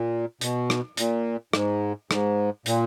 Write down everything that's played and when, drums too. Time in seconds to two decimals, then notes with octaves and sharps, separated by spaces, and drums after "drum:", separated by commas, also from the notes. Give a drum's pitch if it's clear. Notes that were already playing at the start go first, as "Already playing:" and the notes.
Already playing: A#2
0.41 B2, drum: hi-hat
0.70 drum: rim click
0.97 A#2, drum: hi-hat
1.53 G#2, drum: rim click
2.11 G#2, drum: rim click
2.66 A#2, drum: hi-hat